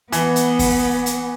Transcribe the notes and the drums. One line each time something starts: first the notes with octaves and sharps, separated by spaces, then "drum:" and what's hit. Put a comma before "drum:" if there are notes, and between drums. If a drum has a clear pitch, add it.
E3 B3, drum: hi-hat
drum: hi-hat
drum: kick, open hi-hat
drum: hi-hat